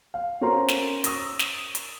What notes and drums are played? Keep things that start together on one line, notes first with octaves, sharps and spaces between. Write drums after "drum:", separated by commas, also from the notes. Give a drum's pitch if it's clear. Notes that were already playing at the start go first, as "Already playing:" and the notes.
F5
C#4 F#4 A#4 C5 A#5 C6
drum: snare
C#6 D#6 E6 A#6, drum: hi-hat
drum: snare
drum: hi-hat